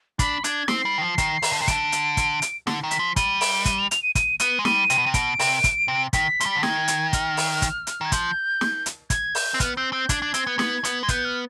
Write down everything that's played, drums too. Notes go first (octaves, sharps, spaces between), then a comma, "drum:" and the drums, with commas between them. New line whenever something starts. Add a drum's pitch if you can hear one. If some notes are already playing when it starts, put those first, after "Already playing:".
D4 B5, drum: kick, hi-hat
D4 G#6, drum: hi-hat
C4 C7, drum: snare
G3
D#3
F3
D#3, drum: kick, hi-hat
D#3, drum: open hi-hat
D3
C3 C7
D3 D7, drum: kick, hi-hat
drum: hi-hat
drum: kick, hi-hat
drum: hi-hat
D3, drum: snare
D#3
B6, drum: hi-hat
F3
G3 D#7, drum: kick, hi-hat
D7, drum: open hi-hat
D#7, drum: kick, hi-hat
F7
F7, drum: hi-hat
D#7
D#7, drum: kick, hi-hat
B3 D#7, drum: hi-hat
G#3
G3 D#7, drum: snare
C3, drum: hi-hat
B2
C3
B2 D7, drum: kick, hi-hat
C3, drum: open hi-hat
drum: kick, hi-hat
C3
D#3 B6, drum: kick, hi-hat
F3, drum: hi-hat
G3
D3 B6
D#3 G#6, drum: snare
drum: hi-hat
F6, drum: kick, hi-hat
drum: open hi-hat
drum: kick, hi-hat
drum: hi-hat
D#3 G#6
F3 G6, drum: kick, hi-hat
drum: snare
drum: hi-hat
G#6, drum: kick, hi-hat
G6, drum: open hi-hat
C4
B3 F6, drum: kick, hi-hat
C4 G6
C4 G6
D4 G#6, drum: kick, hi-hat
D4
C4, drum: hi-hat
B3
B3, drum: snare
B3, drum: hi-hat
G#3 G#6
B3 G6, drum: kick, hi-hat
F6